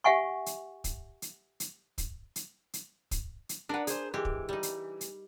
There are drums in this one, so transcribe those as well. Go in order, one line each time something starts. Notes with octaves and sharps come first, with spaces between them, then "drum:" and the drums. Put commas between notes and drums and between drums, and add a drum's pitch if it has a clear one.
G4 E5 F#5 G#5 C#6
drum: hi-hat
drum: kick, hi-hat
drum: hi-hat
drum: hi-hat
drum: kick, hi-hat
drum: hi-hat
drum: hi-hat
drum: kick, hi-hat
drum: hi-hat
D4 A#4 B4 F#5
G#4 C5, drum: hi-hat
E3 G#3 G4
drum: kick
G3 D#4
drum: hi-hat
drum: hi-hat